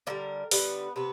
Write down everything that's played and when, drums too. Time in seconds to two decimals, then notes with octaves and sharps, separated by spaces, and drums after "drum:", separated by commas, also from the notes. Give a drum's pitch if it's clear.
0.07 D3 G3 A#3 A#4
0.51 D3 G3 B3 B4, drum: open hi-hat
0.96 C3 B3 B4